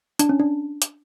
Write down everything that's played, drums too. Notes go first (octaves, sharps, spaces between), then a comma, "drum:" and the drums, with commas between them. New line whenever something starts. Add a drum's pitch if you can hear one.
D4, drum: hi-hat
C#4
D4
drum: hi-hat